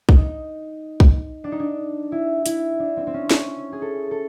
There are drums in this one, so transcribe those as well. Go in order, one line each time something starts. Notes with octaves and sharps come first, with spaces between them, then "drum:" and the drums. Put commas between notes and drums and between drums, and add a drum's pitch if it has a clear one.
D#4, drum: kick
drum: kick
D4
D#4
D4
E4
E4, drum: hi-hat
D4
C4
C4
C#4
C#4, drum: snare
G#4
A4
A4